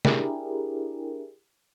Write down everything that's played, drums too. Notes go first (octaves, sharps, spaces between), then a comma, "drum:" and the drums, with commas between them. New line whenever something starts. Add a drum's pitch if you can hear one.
D4 E4 G4 G#4 A#4, drum: snare